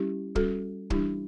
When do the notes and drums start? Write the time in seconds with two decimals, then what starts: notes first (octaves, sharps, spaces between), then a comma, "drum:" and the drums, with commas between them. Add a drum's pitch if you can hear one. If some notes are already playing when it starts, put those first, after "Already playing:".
Already playing: G3 C#4 E4 G4
0.35 G3 C#4 F#4 A4, drum: kick
0.90 E3 G3 D4 E4 G4, drum: kick